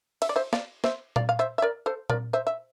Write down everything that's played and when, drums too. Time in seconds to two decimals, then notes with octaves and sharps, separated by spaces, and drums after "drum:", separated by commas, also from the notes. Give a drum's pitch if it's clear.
0.22 E5, drum: cymbal
0.29 D5
0.36 C5 E5
0.53 D5 F5, drum: snare
0.84 C5 E5, drum: snare
1.16 D5 F5, drum: tom A#2
1.29 F5
1.39 C5 E5
1.58 E5
1.62 A#4 D5
1.86 A4 C5
2.10 A#4 D5, drum: tom A#2
2.33 C5 E5
2.47 E5